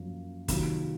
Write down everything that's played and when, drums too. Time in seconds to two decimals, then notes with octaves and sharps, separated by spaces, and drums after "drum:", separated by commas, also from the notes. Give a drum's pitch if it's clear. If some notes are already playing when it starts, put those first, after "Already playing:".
Already playing: F#2 F3 A#3
0.48 C3 D#3 F#3 A#3 F4, drum: kick, hi-hat